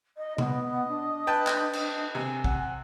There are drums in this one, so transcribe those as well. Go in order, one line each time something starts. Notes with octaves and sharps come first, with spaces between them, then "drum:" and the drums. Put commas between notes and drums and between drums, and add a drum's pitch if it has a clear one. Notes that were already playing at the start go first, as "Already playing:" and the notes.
D#5
B3 D#5, drum: tom B2
D4
B4 G5 A5
drum: clap
drum: cymbal
C3 G#5
F#5, drum: kick